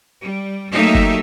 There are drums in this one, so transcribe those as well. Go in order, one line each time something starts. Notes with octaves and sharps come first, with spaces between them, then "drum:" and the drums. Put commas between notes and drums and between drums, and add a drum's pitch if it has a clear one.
G3
F#3 A3 A#3 D#4 G4 E5
drum: kick F#1